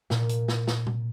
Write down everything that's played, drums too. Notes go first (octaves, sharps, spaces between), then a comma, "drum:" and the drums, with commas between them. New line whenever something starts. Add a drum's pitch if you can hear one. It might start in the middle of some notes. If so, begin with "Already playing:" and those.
A#2, drum: snare
drum: hi-hat
drum: snare
drum: snare
drum: tom